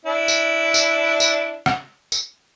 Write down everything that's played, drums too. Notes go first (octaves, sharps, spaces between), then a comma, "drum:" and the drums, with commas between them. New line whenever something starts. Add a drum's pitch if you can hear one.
D4 E4
drum: tambourine
drum: tambourine
drum: tambourine
drum: rim click
drum: tambourine